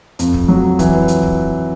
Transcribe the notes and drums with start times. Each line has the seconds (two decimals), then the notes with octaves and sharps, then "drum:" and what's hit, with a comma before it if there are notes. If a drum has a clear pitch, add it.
0.19 F2, drum: hi-hat
0.34 drum: kick
0.48 F#3
0.79 E3, drum: kick, hi-hat
1.08 drum: hi-hat
1.23 drum: kick